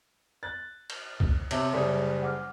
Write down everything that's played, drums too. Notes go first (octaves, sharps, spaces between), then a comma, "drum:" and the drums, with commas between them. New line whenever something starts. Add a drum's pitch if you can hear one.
F#6 A6
drum: cymbal
drum: kick
C3 C#5 E5 A5, drum: cymbal
F#1 G3 G#4
F#5 D6 F6